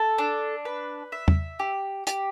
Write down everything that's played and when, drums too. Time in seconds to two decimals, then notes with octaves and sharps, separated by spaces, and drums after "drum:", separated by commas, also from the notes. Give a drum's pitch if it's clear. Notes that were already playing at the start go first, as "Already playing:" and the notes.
Already playing: A4
0.18 D4
0.65 B4
1.12 E5
1.28 drum: tom E2
1.59 G4
2.07 G4, drum: hi-hat